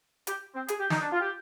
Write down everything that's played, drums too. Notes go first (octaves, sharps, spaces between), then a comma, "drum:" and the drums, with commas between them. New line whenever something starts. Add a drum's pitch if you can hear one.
G4, drum: hi-hat
C4
G#4, drum: hi-hat
G4
D#4, drum: snare
D4
F4
G4